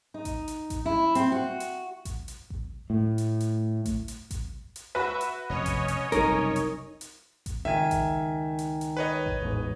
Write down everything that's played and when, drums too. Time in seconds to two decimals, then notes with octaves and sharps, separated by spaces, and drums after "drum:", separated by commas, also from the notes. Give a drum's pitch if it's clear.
0.14 D#4
0.25 drum: kick A1, hi-hat
0.48 drum: hi-hat
0.70 drum: kick A1, hi-hat
0.86 E4
1.15 C4, drum: hi-hat
1.32 F#4
1.60 drum: hi-hat
2.05 drum: kick A1, hi-hat
2.28 drum: hi-hat
2.50 drum: kick A1
2.90 A2
3.18 drum: hi-hat
3.40 drum: hi-hat
3.86 drum: kick A1, hi-hat
4.08 drum: hi-hat
4.31 drum: kick A1, hi-hat
4.76 drum: hi-hat
4.95 F#4 B4 E5
5.21 drum: hi-hat
5.50 F1 B2 C#4 C#5 D#5
5.66 drum: kick A1, hi-hat
5.88 drum: hi-hat
6.12 F#1 C2 G2 D#4 A#4, drum: kick A1, hi-hat
6.56 drum: hi-hat
7.01 drum: hi-hat
7.46 drum: kick A1, hi-hat
7.65 C#2 D#3 E5 G#5
7.91 drum: kick A1, hi-hat
8.59 drum: hi-hat
8.81 drum: hi-hat
8.97 B4 C#5 D#5
9.26 drum: kick A1
9.42 A1 E2 G#2